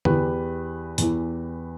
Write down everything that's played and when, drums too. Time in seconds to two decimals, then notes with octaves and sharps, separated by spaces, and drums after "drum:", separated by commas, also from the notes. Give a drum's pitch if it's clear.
0.05 E2 E3 G4 B4, drum: tom D3
0.98 E2 E3, drum: hi-hat